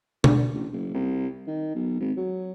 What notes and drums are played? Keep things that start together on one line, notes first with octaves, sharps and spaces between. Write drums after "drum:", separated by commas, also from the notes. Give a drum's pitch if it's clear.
D3, drum: tom B2
A1
F#1
C2
D#3
B1
G#1
F#3